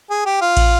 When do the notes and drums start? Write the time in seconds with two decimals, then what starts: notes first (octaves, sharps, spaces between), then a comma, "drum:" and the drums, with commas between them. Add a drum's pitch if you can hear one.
0.10 G#4
0.26 G4
0.41 F4
0.57 drum: kick A1, cymbal